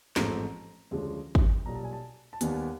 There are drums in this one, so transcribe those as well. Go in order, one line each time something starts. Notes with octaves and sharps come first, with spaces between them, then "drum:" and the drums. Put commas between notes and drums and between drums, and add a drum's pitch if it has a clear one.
A1 G#2 F3 A3 C4 A#5, drum: snare
D2 C#3 F3 G#3
drum: kick
B1 A#2 G3 A#5
A5
G#5
A5
A5
D#2 D#3 G3 B3 G#5, drum: hi-hat